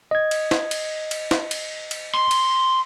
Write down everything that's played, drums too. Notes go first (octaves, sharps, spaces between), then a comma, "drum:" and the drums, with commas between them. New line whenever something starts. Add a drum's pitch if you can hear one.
D#5 G#6
drum: cymbal
drum: snare
drum: cymbal
drum: cymbal
drum: snare
drum: cymbal
drum: cymbal
C6
drum: cymbal